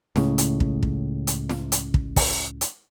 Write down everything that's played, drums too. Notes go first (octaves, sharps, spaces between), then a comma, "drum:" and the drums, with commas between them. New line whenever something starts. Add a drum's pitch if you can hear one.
C#2 A2 C#3, drum: snare
drum: hi-hat
drum: kick
drum: kick
drum: hi-hat
drum: snare
drum: hi-hat
drum: kick
drum: kick, open hi-hat
drum: hi-hat